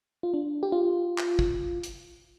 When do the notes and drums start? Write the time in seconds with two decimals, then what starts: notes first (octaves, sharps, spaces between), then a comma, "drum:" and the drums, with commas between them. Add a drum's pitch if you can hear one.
0.23 F4
0.34 D4
0.63 G4
0.72 F4
1.18 drum: clap
1.39 drum: kick
1.83 drum: hi-hat